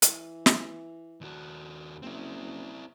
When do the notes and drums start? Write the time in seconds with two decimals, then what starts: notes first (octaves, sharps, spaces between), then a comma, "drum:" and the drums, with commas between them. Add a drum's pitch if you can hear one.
0.02 E3, drum: hi-hat
0.46 drum: snare
1.21 D#2 F#4
2.02 F#1 C4 E4